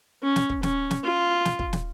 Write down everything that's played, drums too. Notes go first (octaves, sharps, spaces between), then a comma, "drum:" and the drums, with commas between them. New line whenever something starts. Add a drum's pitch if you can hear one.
C#4
drum: snare
drum: kick
C#4, drum: snare
drum: snare
F4
drum: snare
drum: kick
drum: snare